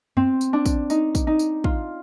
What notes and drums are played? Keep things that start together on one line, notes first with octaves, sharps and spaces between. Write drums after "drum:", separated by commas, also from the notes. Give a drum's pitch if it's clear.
C4, drum: tom F#2
drum: tambourine
D4
drum: kick, tambourine
D#4, drum: tambourine
drum: kick, tambourine
D#4
drum: tambourine
F4, drum: kick